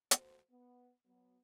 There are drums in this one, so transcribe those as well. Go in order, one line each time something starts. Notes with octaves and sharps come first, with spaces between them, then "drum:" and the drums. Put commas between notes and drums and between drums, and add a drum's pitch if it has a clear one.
F3 A3 B3 F#4 C5, drum: hi-hat
B3
F#3 B3